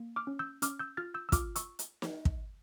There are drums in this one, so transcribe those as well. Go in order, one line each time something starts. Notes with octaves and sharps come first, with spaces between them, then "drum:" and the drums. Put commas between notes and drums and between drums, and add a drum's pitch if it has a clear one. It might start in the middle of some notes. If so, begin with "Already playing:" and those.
Already playing: A#3
D6 F6
C#4
E6 G6
C#4 D6 F6, drum: hi-hat
E6 G6
F4 F6 A6
E6 G6
E6
F4 D6 F6, drum: kick, hi-hat
C#6 E6, drum: hi-hat
drum: hi-hat
drum: snare
drum: kick